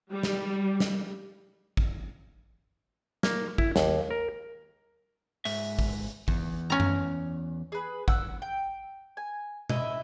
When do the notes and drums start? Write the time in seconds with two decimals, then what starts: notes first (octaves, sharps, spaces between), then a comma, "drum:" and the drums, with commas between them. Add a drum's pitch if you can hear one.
0.11 G3
0.23 drum: snare
0.80 drum: snare
1.77 drum: kick
3.23 A#3, drum: snare
3.58 E4, drum: kick
3.76 D#2, drum: snare
4.11 A#4
5.45 G#2 E5, drum: open hi-hat
5.79 drum: kick
6.28 E2, drum: kick
6.70 C#4 A#5
6.80 drum: tom F#2
7.72 G#4 B4
8.08 F#5 E6 F#6, drum: kick
8.42 G5
9.17 G#5
9.70 E4 D#5 E5, drum: tom B2